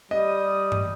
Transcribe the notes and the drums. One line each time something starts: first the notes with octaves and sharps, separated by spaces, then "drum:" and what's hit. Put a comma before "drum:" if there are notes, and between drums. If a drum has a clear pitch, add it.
G3 D#5 D#6
drum: tom G2